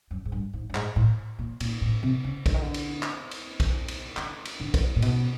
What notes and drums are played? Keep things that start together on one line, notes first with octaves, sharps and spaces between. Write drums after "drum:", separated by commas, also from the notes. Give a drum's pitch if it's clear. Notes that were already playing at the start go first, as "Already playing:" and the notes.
F#2
G#2
G2
G#2
G2
G#2, drum: clap
A2
A#2
A#2, drum: cymbal
A2
C3
C#3
D3, drum: kick A#1, cymbal
D#3
D3
drum: cymbal
drum: clap
drum: cymbal
drum: kick A#1, cymbal
drum: cymbal
D3, drum: clap
drum: cymbal
D3
drum: kick A#1, cymbal
A#2
B2, drum: cymbal